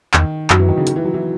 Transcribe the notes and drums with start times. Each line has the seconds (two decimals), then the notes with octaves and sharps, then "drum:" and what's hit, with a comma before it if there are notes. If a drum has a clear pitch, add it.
0.14 E2 D#3, drum: clap
0.50 F#2 F#3, drum: clap
0.59 E3
0.68 D#3
0.77 C#3
0.87 D#3, drum: hi-hat
0.96 E3
1.04 F#3
1.14 E3